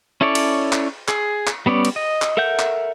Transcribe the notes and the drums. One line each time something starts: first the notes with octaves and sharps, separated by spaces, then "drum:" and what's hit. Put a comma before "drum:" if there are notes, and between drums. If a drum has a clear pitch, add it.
C#4 E4 A4 C#5 D5
drum: cymbal
drum: clap
G#4, drum: clap
drum: clap
G3 B3 C#4 D5
drum: cymbal
D#5
drum: clap
A4 A#4 E5 F#5 G6
drum: clap